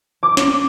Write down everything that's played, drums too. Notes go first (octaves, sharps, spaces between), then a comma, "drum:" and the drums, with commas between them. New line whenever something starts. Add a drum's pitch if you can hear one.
D6
drum: snare